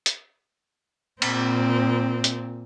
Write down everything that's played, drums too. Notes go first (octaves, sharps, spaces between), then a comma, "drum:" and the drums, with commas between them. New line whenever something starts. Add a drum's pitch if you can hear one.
drum: hi-hat
A#2 C4, drum: cymbal
drum: hi-hat